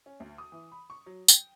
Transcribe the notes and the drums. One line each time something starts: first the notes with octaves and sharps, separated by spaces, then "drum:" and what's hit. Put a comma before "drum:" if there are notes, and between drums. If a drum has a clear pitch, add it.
C#4
D2
D#6
E3
B5
C#6
F#3
G5, drum: tambourine